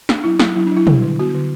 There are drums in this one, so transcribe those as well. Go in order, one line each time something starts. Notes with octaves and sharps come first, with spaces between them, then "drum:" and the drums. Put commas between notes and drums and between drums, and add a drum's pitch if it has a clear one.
D4, drum: snare
F#3 E4
F#3, drum: snare
F#3 E4
D4
F#3 E4
G3, drum: tom
D3
B3 F#4
D3